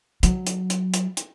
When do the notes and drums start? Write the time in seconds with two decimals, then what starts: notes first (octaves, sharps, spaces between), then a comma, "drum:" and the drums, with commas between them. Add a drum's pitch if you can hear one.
0.23 F#3, drum: hi-hat
0.47 drum: hi-hat
0.70 drum: hi-hat
0.94 drum: hi-hat
1.17 drum: hi-hat